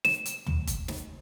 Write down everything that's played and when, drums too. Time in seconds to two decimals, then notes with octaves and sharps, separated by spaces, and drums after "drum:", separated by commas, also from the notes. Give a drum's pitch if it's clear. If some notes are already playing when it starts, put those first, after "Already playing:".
0.05 E7, drum: snare
0.26 drum: hi-hat
0.46 drum: tom
0.67 drum: kick, hi-hat
0.88 drum: snare